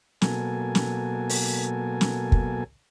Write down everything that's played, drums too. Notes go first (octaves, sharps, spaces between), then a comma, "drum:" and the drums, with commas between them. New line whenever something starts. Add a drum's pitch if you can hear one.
B2 F#3 A#3 A4 G#5, drum: snare
drum: snare
drum: open hi-hat
drum: snare
drum: kick